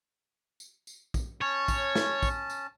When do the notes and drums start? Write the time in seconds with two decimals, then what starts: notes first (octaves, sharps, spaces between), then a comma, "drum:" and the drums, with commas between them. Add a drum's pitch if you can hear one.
0.60 drum: tambourine
0.87 drum: tambourine
1.14 drum: kick, tambourine
1.41 C#4 C#5 A5
1.68 drum: kick, tambourine
1.95 drum: snare
2.23 drum: kick, tambourine
2.50 drum: tambourine